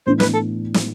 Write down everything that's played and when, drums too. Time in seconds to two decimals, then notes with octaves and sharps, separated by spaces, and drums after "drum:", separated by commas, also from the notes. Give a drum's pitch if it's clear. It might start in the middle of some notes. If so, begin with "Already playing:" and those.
0.06 A2 E3 B3 D4 C5
0.20 B4, drum: snare
0.34 A4
0.74 drum: snare